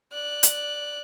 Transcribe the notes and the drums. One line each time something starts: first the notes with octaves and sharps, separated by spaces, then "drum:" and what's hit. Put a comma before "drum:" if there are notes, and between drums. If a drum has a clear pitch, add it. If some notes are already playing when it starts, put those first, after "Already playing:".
D5 F#6
drum: hi-hat